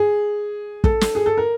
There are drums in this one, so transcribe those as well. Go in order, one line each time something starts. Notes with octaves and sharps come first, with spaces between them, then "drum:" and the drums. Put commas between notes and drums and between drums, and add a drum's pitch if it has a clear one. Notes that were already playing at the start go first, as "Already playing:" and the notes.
Already playing: G#4
A4, drum: kick
drum: snare
G#4
A4
A#4